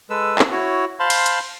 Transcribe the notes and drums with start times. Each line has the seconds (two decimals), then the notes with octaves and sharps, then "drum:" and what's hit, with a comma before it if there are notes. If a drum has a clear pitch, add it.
0.10 G#3 A4 B4 E6
0.39 drum: clap
0.51 E4 F#4 C#5
1.00 C5 F5 A5 B5 C6
1.10 drum: cymbal
1.26 drum: hi-hat